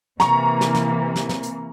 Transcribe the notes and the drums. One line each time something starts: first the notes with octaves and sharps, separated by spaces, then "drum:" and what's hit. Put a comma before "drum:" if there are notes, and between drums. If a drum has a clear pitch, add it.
C3 E3 A#3 A#5 C#6, drum: snare
drum: snare
drum: snare
drum: snare
drum: snare
drum: hi-hat